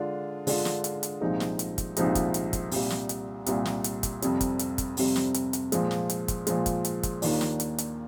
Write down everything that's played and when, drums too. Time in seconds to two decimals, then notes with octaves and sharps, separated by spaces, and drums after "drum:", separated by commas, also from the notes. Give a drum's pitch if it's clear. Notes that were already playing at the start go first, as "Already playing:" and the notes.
Already playing: D3 G#3 D4 F4
0.47 D3 G#3 D4 F4, drum: open hi-hat
0.65 drum: snare
0.84 drum: hi-hat
1.03 drum: hi-hat
1.21 C2 A#2 F3 G#3 D#4
1.40 drum: snare
1.59 drum: hi-hat
1.78 drum: kick, hi-hat
1.97 C2 A#2 F3 G#3 D#4, drum: hi-hat
2.15 drum: kick, hi-hat
2.34 drum: hi-hat
2.53 drum: kick, hi-hat
2.71 C2 A#2 G3, drum: open hi-hat
2.90 drum: snare
3.09 drum: hi-hat
3.46 C2 A#2 G3, drum: hi-hat
3.65 drum: snare
3.84 drum: hi-hat
4.03 drum: kick, hi-hat
4.22 F2 C3 G3, drum: hi-hat
4.41 drum: kick, hi-hat
4.59 drum: hi-hat
4.78 drum: kick, hi-hat
4.97 F2 C3 G3, drum: open hi-hat
5.16 drum: snare
5.34 drum: hi-hat
5.53 drum: hi-hat
5.72 A#2 F3 G#3, drum: hi-hat
5.91 drum: snare
6.10 drum: hi-hat
6.28 drum: kick, hi-hat
6.47 A#2 F3 G#3, drum: hi-hat
6.66 drum: kick, hi-hat
6.85 drum: hi-hat
7.03 drum: kick, hi-hat
7.22 D#2 D#3 A#3 D4 F4, drum: open hi-hat
7.41 drum: snare
7.60 drum: hi-hat
7.78 drum: hi-hat